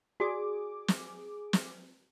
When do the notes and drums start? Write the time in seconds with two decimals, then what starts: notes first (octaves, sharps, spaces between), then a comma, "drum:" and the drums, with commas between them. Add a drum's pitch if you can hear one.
0.20 F#4 G#4 D5 D6
0.88 drum: snare
1.53 drum: snare